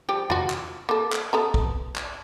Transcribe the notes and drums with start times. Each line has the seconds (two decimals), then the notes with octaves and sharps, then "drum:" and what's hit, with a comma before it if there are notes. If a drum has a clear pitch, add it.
0.09 F3 G3 G4
0.30 F4 F#4, drum: tom E2
0.50 drum: clap
0.89 A#3 A4
1.13 drum: clap
1.33 B3 A4 A#5
1.54 drum: kick
1.96 drum: clap